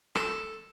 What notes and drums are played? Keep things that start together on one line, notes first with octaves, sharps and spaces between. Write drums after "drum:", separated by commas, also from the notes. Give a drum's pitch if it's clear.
A4, drum: rim click